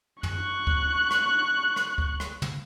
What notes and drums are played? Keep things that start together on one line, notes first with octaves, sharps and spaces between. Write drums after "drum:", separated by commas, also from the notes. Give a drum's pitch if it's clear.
C#6 F#6, drum: tom
drum: kick D2
drum: rim click
drum: rim click
drum: kick D2
drum: rim click
drum: tom